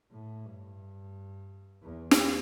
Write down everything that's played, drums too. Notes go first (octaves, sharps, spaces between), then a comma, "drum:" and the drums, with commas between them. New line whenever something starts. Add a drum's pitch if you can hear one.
A2
G2
E2
drum: snare